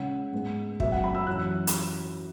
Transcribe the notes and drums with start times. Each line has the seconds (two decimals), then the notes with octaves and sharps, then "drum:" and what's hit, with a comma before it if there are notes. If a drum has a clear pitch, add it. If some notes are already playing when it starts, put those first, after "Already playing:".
Already playing: C#3 G#3 C#4 F#5
0.32 G#2 G#3 B3
0.80 F#2 F#3 B3 E5, drum: kick
0.92 F#5
1.04 B5
1.15 E6
1.27 F#2 E3 C#4 F#6
1.67 drum: hi-hat